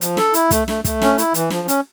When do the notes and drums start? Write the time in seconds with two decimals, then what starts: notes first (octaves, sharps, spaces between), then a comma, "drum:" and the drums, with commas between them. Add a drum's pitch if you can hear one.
0.01 F3, drum: hi-hat
0.17 A4, drum: snare
0.34 E4, drum: hi-hat
0.51 A3, drum: kick, hi-hat
0.68 A3, drum: snare
0.84 A3, drum: kick, hi-hat
1.02 C#4, drum: snare
1.18 E4, drum: hi-hat
1.34 E3, drum: hi-hat
1.50 F3, drum: snare
1.68 C#4, drum: hi-hat